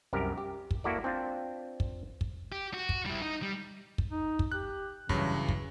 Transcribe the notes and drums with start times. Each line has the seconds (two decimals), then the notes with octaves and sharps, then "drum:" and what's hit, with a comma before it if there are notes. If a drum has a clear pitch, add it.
0.13 C2 F#2 G4 A#4
0.38 G4
0.71 drum: kick
0.84 A#3 E4 F#4 A4 D5
1.04 C4 D4 F4
1.80 drum: kick
2.21 drum: kick
2.52 G4
2.74 F#4
2.89 drum: kick
3.06 G3 E4
3.22 D#4
3.42 G3
3.98 drum: kick
4.11 D#4
4.39 drum: kick
4.52 G4 F#6
5.09 G2 C#3 E3 F#3, drum: kick
5.49 drum: kick